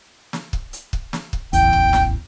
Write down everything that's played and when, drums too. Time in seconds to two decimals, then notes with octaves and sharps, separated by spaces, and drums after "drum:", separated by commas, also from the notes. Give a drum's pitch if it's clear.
0.33 drum: snare
0.53 drum: kick
0.73 drum: hi-hat
0.93 drum: kick
1.13 drum: snare
1.33 drum: kick
1.53 D1 A1 E2 G5, drum: hi-hat
1.73 drum: kick
1.93 drum: snare